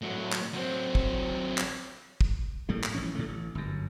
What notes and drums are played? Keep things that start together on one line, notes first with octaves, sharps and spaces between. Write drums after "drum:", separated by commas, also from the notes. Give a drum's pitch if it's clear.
A2 F#3
drum: clap
F#3 C4
drum: kick
drum: clap
drum: kick
A2 G3 A3 A#3
drum: clap
A1 F3 C#4
A2 D3 A3
A1
G1 F#2